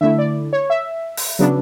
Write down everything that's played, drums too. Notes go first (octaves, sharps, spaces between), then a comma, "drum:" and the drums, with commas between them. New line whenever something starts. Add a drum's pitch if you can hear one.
D3 A3 E4 E5
D5
C#5
E5
drum: open hi-hat
C#3 F#3 B3 D4